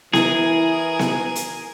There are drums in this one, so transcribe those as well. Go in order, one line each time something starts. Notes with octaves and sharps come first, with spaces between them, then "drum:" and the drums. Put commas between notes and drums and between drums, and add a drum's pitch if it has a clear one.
E3 E4 G#4 A#4 G#5, drum: snare B3
drum: snare B3
drum: hi-hat